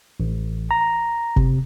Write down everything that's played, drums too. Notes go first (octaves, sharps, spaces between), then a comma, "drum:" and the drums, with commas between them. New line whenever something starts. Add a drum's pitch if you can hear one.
A1
A#5
C3, drum: kick F#1